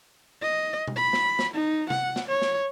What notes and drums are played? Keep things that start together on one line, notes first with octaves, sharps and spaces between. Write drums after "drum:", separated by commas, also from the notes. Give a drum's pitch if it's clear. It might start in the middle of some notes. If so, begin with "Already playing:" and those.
D#5
drum: tom B2
B5
drum: snare
drum: snare
D#4
F#5, drum: tom
drum: snare
C#5
drum: snare